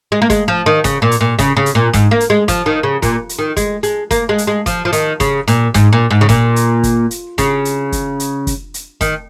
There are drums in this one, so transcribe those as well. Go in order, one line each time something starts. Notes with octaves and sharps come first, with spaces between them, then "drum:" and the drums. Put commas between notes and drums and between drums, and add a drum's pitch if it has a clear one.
G#3
A#3
G#3, drum: kick, hi-hat
F3
D#3
C#3, drum: kick, hi-hat
A#2
drum: hi-hat
A#2
C#3, drum: kick, hi-hat
C#3
drum: hi-hat
A#2
G#2, drum: kick, hi-hat
A#3
drum: hi-hat
G#3
F3, drum: kick, hi-hat
D#3
C#3
A#2, drum: kick, hi-hat
drum: hi-hat
D#3
G#3, drum: kick, hi-hat
G#3, drum: hi-hat
A#3, drum: kick, hi-hat
G#3
drum: hi-hat
G#3
F3, drum: kick, hi-hat
F3
D#3, drum: hi-hat
C#3, drum: kick, hi-hat
A#2, drum: hi-hat
G#2, drum: kick, hi-hat
A#2
G#2
C#3
A#2, drum: kick, hi-hat
drum: hi-hat
drum: kick, hi-hat
drum: hi-hat
C#3, drum: kick, hi-hat
drum: hi-hat
drum: kick, hi-hat
drum: hi-hat
drum: kick, hi-hat
drum: hi-hat
D#3, drum: kick, hi-hat